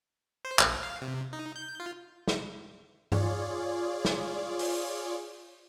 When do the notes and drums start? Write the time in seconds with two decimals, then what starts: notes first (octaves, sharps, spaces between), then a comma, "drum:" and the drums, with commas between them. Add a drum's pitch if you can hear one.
0.45 C5
0.59 A#1, drum: clap
0.83 F5
1.01 C3
1.33 D#4
1.56 G6
1.80 F4
2.28 drum: snare
3.12 F4 G#4 C#5 D5, drum: tom G2
4.05 drum: snare
4.59 drum: open hi-hat